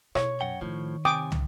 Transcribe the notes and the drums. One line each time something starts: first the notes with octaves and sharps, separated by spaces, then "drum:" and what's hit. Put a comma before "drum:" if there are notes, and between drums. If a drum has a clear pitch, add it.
B2 C#5, drum: rim click
F#2 F#5 G5
A2 D#3 F3
C3 G5 G#5 D6 D#6
drum: tom